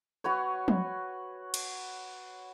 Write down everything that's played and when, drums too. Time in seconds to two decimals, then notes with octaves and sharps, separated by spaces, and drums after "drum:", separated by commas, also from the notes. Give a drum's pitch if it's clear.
0.24 F#4 B4 C#5
0.68 drum: tom F3
1.54 drum: cymbal